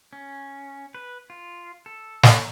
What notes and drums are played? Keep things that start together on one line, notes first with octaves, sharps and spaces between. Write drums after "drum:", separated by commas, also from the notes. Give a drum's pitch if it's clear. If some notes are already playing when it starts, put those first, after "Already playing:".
C#4
B4
F4
A4
drum: snare